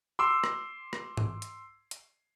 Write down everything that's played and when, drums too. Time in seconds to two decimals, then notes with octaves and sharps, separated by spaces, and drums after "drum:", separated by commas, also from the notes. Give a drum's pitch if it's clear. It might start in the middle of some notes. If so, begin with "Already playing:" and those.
0.19 C6 D6 E6
0.44 drum: rim click
0.93 drum: rim click
1.17 drum: tom G#2
1.42 drum: hi-hat
1.91 drum: hi-hat